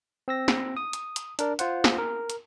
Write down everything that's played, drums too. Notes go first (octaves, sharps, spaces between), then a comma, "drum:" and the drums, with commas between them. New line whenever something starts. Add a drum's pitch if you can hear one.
C4 E6 A#6
drum: snare
D#6
drum: hi-hat
drum: hi-hat
D4 A#4 D5, drum: hi-hat
F4 C5 F#5, drum: hi-hat
drum: snare
A#4
drum: hi-hat